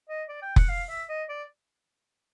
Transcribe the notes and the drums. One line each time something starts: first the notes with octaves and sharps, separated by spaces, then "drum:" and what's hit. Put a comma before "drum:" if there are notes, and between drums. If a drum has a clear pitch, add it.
D#5
D5
G5
F#5, drum: kick F1
F5
E5
D#5
D5